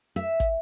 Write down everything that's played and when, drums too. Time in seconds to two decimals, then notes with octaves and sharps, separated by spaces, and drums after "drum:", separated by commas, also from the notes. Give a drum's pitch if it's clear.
0.16 E5
0.40 drum: kick, hi-hat